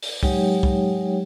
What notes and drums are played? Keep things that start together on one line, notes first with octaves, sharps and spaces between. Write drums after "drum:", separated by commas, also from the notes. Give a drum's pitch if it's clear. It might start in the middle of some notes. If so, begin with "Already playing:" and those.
drum: open hi-hat
F#3 G#3 D#4 G4 C#5 G5, drum: kick
drum: kick